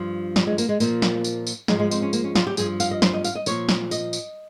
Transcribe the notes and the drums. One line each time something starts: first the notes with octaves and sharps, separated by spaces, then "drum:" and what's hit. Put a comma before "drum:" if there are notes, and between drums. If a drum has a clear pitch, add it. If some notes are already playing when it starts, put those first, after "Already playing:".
Already playing: G2 F3
G3, drum: snare
G#3
A#3, drum: tambourine
G#3
A#2 F3 A#3, drum: tambourine
drum: snare
drum: tambourine
drum: tambourine
G#2 F3 G#3, drum: snare
G#3
C4, drum: tambourine
C#4
A#3, drum: tambourine
C#4
F4, drum: snare
G4
G2 F3 G#4, drum: tambourine
F5, drum: tambourine
D#5
C5, drum: snare
D#5
F5, drum: tambourine
D#5
A#2 F3 C#5, drum: tambourine
drum: snare
D#5, drum: tambourine
drum: tambourine